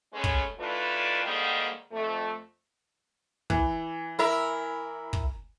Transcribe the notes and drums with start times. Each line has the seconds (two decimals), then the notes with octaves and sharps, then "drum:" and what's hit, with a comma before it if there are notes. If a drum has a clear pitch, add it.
0.13 G#3 A3 B3 C#4
0.24 drum: kick
0.59 D#3 E3 A3 D4 F4 B4
1.24 G#2 D3 D#3 G3 A#3 D#5
1.92 F2 A3
3.50 E3, drum: kick
4.19 E4 A#4 E5
5.13 drum: kick